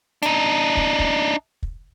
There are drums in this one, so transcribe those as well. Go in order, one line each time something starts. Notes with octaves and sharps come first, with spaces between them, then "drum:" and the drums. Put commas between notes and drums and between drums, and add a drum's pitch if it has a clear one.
D4 D#4, drum: hi-hat
drum: kick
drum: kick
drum: kick